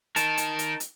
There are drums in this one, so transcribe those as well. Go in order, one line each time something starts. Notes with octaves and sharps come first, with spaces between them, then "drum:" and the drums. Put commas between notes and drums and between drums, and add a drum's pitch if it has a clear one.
D#4 A#4 A5, drum: hi-hat
drum: hi-hat
drum: hi-hat
drum: hi-hat